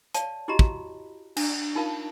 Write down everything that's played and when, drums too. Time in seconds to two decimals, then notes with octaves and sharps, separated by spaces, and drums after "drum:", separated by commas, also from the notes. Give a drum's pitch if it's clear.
0.14 C#5 D5 F5 A5, drum: hi-hat
0.48 E4 F#4 G4 D#5 A#5 B5
0.59 drum: kick
1.37 D4, drum: cymbal
1.75 D#4 F4 A#4 F5 A5